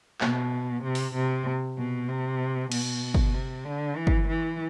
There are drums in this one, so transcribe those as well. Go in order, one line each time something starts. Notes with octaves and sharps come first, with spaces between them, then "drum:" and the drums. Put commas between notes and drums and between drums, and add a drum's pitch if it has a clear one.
B2, drum: clap
C3
drum: open hi-hat
C3
B2
C3
B2, drum: cymbal
drum: kick
C3
D3
E3
drum: kick
E3